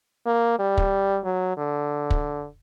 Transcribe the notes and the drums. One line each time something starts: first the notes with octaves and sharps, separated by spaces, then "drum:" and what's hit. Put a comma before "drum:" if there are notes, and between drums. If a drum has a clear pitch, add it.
A#3
G3
drum: kick
F#3
D3
drum: kick